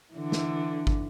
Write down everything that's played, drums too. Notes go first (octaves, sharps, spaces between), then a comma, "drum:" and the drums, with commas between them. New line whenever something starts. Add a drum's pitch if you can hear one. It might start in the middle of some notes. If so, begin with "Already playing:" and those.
D3 E3
drum: snare
drum: kick